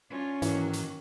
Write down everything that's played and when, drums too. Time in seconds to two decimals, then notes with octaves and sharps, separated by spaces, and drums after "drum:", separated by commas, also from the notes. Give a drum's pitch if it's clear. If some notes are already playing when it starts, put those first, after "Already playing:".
0.10 C#4 D4 F4
0.42 G#2 D#3 E3 F#3 A#3, drum: hi-hat
0.73 drum: hi-hat